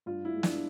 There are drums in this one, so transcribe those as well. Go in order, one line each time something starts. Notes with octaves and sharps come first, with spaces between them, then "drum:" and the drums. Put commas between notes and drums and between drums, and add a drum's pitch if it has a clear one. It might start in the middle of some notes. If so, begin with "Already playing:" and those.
G2 F4
E4
G#3
D4, drum: snare